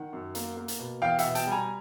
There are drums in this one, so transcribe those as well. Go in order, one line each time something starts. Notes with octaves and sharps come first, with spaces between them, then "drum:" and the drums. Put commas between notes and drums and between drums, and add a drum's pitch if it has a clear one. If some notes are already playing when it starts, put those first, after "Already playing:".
Already playing: D#3 F#5
F#2
A#3, drum: hi-hat
A#3
drum: hi-hat
B2
E2 F5 G5
E5 F#5, drum: hi-hat
B2
G5 A5, drum: hi-hat
G3
G#5 A#5